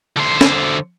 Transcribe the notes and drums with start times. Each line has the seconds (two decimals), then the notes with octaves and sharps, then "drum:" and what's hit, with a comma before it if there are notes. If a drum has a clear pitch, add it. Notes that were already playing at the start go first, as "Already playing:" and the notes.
0.17 D3 C5
0.41 drum: snare